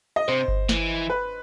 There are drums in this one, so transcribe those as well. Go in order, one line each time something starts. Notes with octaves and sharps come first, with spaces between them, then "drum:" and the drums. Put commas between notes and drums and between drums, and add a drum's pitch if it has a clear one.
D#5
C3 C5
drum: kick G1
E3, drum: snare
B4